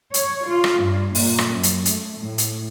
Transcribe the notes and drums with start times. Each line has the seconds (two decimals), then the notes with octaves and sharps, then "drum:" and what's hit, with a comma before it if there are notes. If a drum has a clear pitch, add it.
0.14 C#5, drum: hi-hat
0.47 F4
0.64 drum: rim click
0.82 G2
1.15 A#2, drum: open hi-hat
1.38 drum: rim click
1.50 F#2
1.63 drum: hi-hat
1.85 A3, drum: hi-hat
2.19 A2
2.38 drum: hi-hat